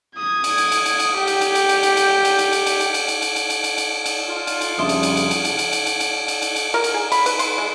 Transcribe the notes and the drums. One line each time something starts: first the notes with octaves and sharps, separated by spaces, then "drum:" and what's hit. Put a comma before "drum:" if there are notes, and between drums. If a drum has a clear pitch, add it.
D#6 G#6
drum: cymbal
drum: cymbal
drum: cymbal
drum: cymbal
drum: cymbal
G4 G5
drum: cymbal
drum: cymbal
drum: cymbal
drum: cymbal
drum: cymbal
drum: cymbal
drum: cymbal
drum: cymbal
drum: cymbal
drum: cymbal
drum: cymbal
drum: cymbal
drum: cymbal
drum: cymbal
drum: cymbal
drum: cymbal
drum: cymbal
drum: cymbal
drum: cymbal
F4
drum: cymbal
drum: cymbal
F2 C#3 G3 D4 E5 C6 D#6
drum: cymbal
drum: cymbal
drum: cymbal
drum: cymbal
drum: cymbal
drum: cymbal
drum: cymbal
drum: cymbal
drum: cymbal
drum: cymbal
drum: cymbal
drum: cymbal
A#4
drum: cymbal
G#4
B5, drum: cymbal
B4, drum: cymbal
C6, drum: cymbal
G#3